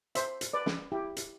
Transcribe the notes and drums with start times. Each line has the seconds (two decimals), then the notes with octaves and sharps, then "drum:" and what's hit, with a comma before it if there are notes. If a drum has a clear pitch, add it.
0.15 C5 E5, drum: hi-hat
0.41 drum: hi-hat
0.53 B4 D5
0.66 drum: snare
0.92 E4 G4
1.17 drum: hi-hat